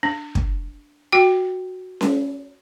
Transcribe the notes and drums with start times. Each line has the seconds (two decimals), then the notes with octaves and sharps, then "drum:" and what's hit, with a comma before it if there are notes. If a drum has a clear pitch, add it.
0.03 D4
0.35 drum: kick
1.12 F#4 G5
2.01 drum: snare C#4